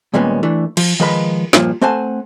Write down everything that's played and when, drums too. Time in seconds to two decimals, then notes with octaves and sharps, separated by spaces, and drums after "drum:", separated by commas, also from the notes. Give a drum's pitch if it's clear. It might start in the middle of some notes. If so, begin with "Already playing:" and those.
0.14 D#2 A#2 G3 G#3 B3 C#4
0.43 E3 A3 D4
0.77 F3, drum: cymbal
1.00 D#3 F3 G#3 B4 D#5 B5
1.53 G2 A#2 F3, drum: snare
1.81 A3 C4 C5 F#5 G#5 A5